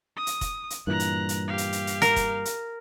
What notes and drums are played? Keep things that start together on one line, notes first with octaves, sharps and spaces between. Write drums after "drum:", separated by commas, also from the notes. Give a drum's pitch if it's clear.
D#6
drum: hi-hat
drum: kick F1, hi-hat
drum: hi-hat
G2 A#2 E3 A#5 F#6
drum: hi-hat
drum: hi-hat
G4 F5
drum: hi-hat
drum: hi-hat
drum: hi-hat
A#4, drum: hi-hat
drum: kick F1, hi-hat
drum: hi-hat